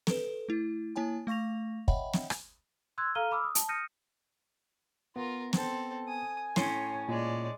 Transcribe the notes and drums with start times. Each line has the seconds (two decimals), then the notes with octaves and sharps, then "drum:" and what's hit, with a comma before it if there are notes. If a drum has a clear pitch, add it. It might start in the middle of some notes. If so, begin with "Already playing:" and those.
0.07 A4 B4, drum: snare
0.49 A3 E4
0.96 A#3 E4 C#5 G#5 A5
1.27 A3 F5 C#6 A#6 F7
1.88 C#5 D#5 E5 F#5 G5 B5, drum: kick
2.14 drum: snare
2.30 drum: rim click
2.98 C6 E6 F#6 G#6
3.15 A4 F5 A#5 F6 D#7 G7
3.31 B5 D6 E6 F6
3.44 D#6
3.55 A5, drum: hi-hat
3.68 D#6 F6 G6 A#6 C#7 D#7
5.16 B3 F4 A#4
5.53 C4 A4, drum: snare
6.08 G#5 D#6
6.56 A2 C#4 C#5 C6, drum: snare
7.08 A#2 G#3 D5